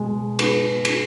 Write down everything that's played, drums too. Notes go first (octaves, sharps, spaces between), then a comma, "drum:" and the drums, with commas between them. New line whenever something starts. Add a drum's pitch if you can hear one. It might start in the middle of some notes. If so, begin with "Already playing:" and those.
Already playing: B2 G#3
B3, drum: cymbal
drum: cymbal